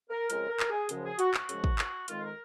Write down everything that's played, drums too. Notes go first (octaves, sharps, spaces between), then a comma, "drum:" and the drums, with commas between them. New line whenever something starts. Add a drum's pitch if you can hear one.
A#4
F2 C#3 F3 G#3 A#4, drum: hi-hat
A#4
drum: clap
G#4
F#2 C#3 F3 G#3, drum: hi-hat
G#4
F#4, drum: hi-hat
F#4, drum: clap
F#2 C#3 F3 G#3, drum: hi-hat
drum: kick
drum: clap
F2 D#3 G#3 F4, drum: hi-hat
A#4